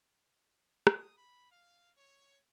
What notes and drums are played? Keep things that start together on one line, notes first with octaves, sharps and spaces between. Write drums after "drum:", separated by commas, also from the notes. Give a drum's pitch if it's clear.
D#6, drum: rim click
B5
F5
C#5